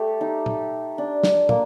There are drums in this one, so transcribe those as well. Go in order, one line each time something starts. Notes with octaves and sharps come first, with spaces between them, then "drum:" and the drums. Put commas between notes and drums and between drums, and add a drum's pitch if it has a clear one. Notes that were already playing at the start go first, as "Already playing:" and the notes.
Already playing: A3 G4 A4
D#4
drum: tom
D4
drum: snare
A#3, drum: tom